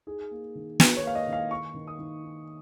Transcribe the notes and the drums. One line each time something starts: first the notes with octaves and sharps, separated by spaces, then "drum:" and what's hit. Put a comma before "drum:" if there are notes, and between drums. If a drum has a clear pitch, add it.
D#4 G#4
A#3
D#3
D#3 B4, drum: snare
C#5
A#3 F5
D#5
D#3
F5
D#4 C#6
D#3
D#6
D#3
D#4